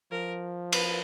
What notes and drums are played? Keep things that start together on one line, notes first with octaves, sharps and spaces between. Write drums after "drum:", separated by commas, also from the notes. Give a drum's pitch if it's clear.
F3 A#4
B4, drum: cymbal